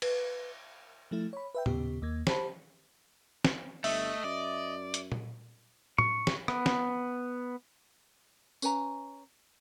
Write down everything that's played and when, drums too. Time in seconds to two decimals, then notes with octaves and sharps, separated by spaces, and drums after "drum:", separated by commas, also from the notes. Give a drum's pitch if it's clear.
0.02 B4, drum: cymbal
1.11 F3 A3 E4
1.33 C#5 B5
1.55 B4 E5 G5
1.66 D#2 A#2 C#3 B3 G4, drum: tom A2
2.02 D#2 A#3 G#6
2.27 G4 C5 A5 B5, drum: snare
3.45 drum: snare
3.84 G1 A3 D#5 E5, drum: open hi-hat
4.24 F#2 D5
4.94 drum: hi-hat
5.12 drum: tom A#2
5.98 C#6, drum: tom A2
6.27 drum: snare
6.48 B3, drum: rim click
6.66 drum: snare
8.62 C#4 B4 G#5 A#5, drum: tambourine